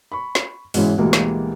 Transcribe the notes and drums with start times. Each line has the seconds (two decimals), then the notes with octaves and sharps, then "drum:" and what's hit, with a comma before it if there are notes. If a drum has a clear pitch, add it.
0.12 B5 C#6
0.35 drum: snare
0.74 G#2 B2 E3 G#3 C#4 E4, drum: open hi-hat
0.98 D2 B2 E3 G3 G#3 A#3
1.13 drum: snare